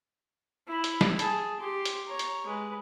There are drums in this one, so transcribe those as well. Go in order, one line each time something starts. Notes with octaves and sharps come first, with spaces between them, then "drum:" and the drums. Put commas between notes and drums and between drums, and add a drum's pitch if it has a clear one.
E4 B5
drum: hi-hat
drum: snare
G#4 A5, drum: hi-hat
G4 C6
drum: hi-hat
C#5 A#5
drum: hi-hat
G#3 B4